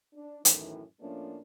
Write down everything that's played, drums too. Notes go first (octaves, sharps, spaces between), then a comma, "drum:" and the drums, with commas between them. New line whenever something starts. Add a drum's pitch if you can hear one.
D4
F#2 A2 D#3 E3, drum: hi-hat
A2 F3 A3 A#3 C#4 D4